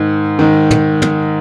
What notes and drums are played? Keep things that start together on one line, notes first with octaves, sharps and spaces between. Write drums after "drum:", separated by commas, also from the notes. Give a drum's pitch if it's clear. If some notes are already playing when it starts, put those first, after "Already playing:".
Already playing: G#2 D#3
G#2 D#3
drum: tom
drum: tom